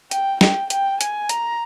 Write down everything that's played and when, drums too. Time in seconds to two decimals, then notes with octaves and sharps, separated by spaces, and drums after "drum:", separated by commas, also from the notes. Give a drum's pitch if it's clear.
0.11 G5, drum: hi-hat
0.41 G5, drum: snare
0.70 G5, drum: hi-hat
1.01 G#5, drum: hi-hat
1.29 A#5, drum: hi-hat